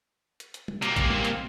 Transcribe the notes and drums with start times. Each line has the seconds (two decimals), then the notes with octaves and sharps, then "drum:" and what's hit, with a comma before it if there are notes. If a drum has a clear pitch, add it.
0.40 drum: hi-hat
0.54 drum: hi-hat
0.68 drum: tom
0.82 C3 A#3, drum: hi-hat
0.96 drum: kick, hi-hat
1.11 drum: tom
1.25 drum: hi-hat